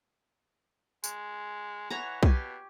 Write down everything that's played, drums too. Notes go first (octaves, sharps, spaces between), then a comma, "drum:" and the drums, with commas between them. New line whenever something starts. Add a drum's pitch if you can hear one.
G#3, drum: tambourine
E3 C#5 F#5 A#5
B2 G4 G#5, drum: kick B1